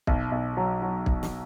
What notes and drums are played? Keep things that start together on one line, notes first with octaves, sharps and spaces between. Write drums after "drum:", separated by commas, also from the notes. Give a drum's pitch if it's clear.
B1, drum: kick
B1
F#3
F#3
drum: kick
drum: snare